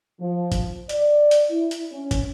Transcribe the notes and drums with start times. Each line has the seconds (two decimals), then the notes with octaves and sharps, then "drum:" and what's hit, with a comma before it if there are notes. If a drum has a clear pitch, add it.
0.20 F3
0.52 drum: kick, hi-hat
0.89 D5, drum: hi-hat
1.31 drum: hi-hat
1.50 E4
1.71 drum: hi-hat
1.91 C#4
2.11 drum: kick, hi-hat